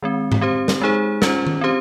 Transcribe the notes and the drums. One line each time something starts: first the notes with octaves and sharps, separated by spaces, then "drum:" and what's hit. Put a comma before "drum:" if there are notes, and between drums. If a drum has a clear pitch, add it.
D#3 G#3 C4
drum: tom G#2
C4 G4 C5
drum: snare
G#3 D#4 G#4 C5
C#4 F4 C5, drum: snare
drum: tom D#3
C4 G4 C5